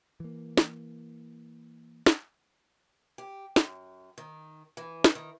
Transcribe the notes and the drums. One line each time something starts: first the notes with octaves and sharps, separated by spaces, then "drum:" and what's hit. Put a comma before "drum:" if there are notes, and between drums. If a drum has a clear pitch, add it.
E3 A#3
drum: snare
drum: snare
G4
F#2, drum: snare
D#3
E3
drum: snare
D#3